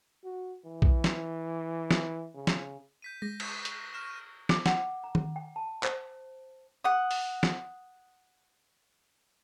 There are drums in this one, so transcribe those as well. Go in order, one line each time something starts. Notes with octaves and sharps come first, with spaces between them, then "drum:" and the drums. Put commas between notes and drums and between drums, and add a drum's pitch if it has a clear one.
F#4
E3
drum: kick B1
drum: snare
drum: snare
C#3
drum: snare
G6 B6 D#7
G#3 A#6
drum: cymbal
drum: hi-hat
C#6 F6 E7
D6, drum: snare
F#5, drum: snare
A#5
drum: tom D#3
G5
A5
C5, drum: clap
F#5 D#6
drum: open hi-hat
drum: snare